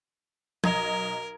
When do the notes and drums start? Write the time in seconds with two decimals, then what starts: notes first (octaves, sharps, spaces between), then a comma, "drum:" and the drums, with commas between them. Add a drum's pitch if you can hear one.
0.64 B1 A#4 D#5 A#5 G#6, drum: tom